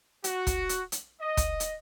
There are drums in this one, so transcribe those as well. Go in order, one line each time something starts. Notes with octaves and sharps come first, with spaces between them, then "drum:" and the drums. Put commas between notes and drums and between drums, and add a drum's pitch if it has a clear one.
F#4, drum: hi-hat
drum: kick, hi-hat
drum: hi-hat
drum: hi-hat
D#5
drum: kick, hi-hat
drum: hi-hat